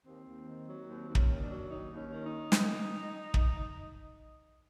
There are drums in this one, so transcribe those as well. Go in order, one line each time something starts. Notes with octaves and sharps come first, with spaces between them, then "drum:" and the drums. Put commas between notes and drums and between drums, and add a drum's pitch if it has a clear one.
D#2 C4
D#2
D#3
F#3
D#2 C4
D#2
C#4, drum: kick
D#3
D4
F#3
D#2 D#4
D#2
C#4
D#3
D#4
drum: snare
drum: kick